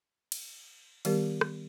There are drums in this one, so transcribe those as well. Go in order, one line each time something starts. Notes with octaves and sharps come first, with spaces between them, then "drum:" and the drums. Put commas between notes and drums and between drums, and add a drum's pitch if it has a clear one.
drum: cymbal
D#3 G3 B3 G4 A#4, drum: cymbal
drum: rim click